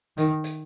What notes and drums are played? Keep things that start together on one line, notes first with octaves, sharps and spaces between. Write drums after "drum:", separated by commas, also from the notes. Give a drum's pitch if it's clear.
D#3, drum: hi-hat
drum: hi-hat